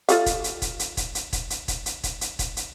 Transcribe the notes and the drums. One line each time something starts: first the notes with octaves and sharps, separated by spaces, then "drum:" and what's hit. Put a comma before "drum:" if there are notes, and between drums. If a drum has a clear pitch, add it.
F4 A4 F5, drum: hi-hat
drum: kick E1, hi-hat
drum: hi-hat
drum: kick E1, hi-hat
drum: hi-hat
drum: kick E1, hi-hat
drum: hi-hat
drum: kick E1, hi-hat
drum: hi-hat
drum: kick E1, hi-hat
drum: hi-hat
drum: kick E1, hi-hat
drum: hi-hat
drum: kick E1, hi-hat
drum: hi-hat